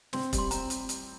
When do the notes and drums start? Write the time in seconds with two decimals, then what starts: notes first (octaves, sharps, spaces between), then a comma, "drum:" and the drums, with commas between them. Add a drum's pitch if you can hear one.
0.13 C4 C6, drum: snare
0.33 G3, drum: kick, hi-hat
0.38 C6
0.51 C4 A#5, drum: hi-hat
0.70 drum: hi-hat
0.89 drum: hi-hat